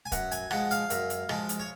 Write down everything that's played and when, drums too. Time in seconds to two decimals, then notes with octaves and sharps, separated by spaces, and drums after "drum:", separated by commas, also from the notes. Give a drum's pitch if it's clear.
0.06 G#5
0.12 F#2 F#5, drum: kick, hi-hat
0.31 G#5, drum: hi-hat
0.51 F3 G#3 F#5, drum: rim click
0.71 F5, drum: hi-hat
0.90 F#2, drum: hi-hat
1.10 drum: hi-hat
1.29 F3 G#3, drum: rim click
1.49 drum: hi-hat
1.59 C#5